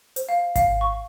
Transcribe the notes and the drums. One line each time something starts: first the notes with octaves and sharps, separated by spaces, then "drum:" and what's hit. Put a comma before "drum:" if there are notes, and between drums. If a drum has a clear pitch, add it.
C5, drum: hi-hat
F5
F5, drum: kick G#1, hi-hat
C#6